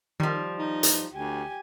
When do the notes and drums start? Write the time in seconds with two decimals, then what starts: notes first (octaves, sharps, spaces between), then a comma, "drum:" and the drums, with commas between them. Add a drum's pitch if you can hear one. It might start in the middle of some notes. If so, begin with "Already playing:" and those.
0.20 D#3 F3 G3
0.58 D#4
0.83 drum: hi-hat
1.12 D2 G4 G#5